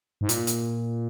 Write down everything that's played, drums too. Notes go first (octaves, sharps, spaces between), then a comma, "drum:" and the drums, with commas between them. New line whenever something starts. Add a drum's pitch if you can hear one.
G#2
A#2, drum: hi-hat
drum: hi-hat